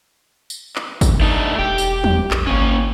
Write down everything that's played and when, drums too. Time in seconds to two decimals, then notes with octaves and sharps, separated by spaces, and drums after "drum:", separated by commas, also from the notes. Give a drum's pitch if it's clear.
0.50 drum: tambourine
0.76 drum: clap
1.01 drum: kick, tambourine
1.21 A3 D4 D#4
1.58 E1 G4 G5
1.78 drum: tambourine
2.04 E2, drum: tom F3
2.31 A#1, drum: clap
2.47 G#1 A#3 C#4